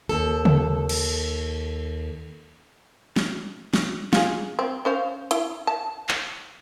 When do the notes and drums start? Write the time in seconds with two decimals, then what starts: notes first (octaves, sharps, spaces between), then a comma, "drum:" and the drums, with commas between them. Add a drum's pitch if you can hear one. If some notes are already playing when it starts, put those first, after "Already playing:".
0.09 D#2 A4
0.45 drum: tom C#3
0.89 drum: cymbal
3.16 drum: snare
3.74 drum: snare
4.13 F4 G#4, drum: snare
4.59 C4
4.85 C#4 C5 F5
5.31 E4, drum: hi-hat
5.67 A5
6.09 drum: clap